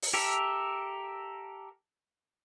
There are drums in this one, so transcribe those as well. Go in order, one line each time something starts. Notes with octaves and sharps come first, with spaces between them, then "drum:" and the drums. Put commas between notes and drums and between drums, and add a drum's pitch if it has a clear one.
drum: open hi-hat
G4 A4 A#4 E5